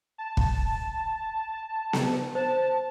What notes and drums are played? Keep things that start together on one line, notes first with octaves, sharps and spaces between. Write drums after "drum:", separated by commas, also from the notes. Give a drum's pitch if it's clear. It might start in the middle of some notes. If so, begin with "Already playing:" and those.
A5
drum: kick
drum: snare B3
C5 A5